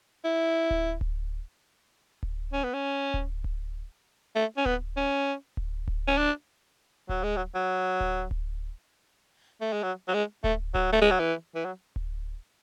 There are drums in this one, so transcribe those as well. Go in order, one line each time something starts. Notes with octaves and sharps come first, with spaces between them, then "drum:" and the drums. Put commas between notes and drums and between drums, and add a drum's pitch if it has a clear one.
E4
drum: kick D1
drum: kick D1
drum: kick D1
C#4
B3
C#4
drum: kick D1
drum: kick D1
A3
C#4
B3, drum: kick D1
C#4
drum: kick D1
drum: kick D1
C#4
D4
F#3, drum: kick D1
G#3
F#3
F#3
drum: kick D1
drum: kick D1
A3
G#3
F#3
F#3
G#3
A3, drum: kick D1
F#3, drum: kick D1
A3
G#3
F#3
E3
E3
F#3
drum: kick D1